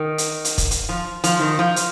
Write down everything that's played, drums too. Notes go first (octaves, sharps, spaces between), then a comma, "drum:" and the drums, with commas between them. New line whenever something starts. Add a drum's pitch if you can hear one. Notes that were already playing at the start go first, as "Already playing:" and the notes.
Already playing: D#3
drum: hi-hat
drum: hi-hat
drum: kick, hi-hat
drum: hi-hat
F3
F3, drum: hi-hat
D#3
F3
drum: hi-hat